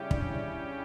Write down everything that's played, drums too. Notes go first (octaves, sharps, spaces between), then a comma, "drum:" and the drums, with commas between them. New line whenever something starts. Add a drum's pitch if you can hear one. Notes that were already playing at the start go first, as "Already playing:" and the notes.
Already playing: C#3 G3 C#4 E4 G4 D5 E5
D4 D5, drum: kick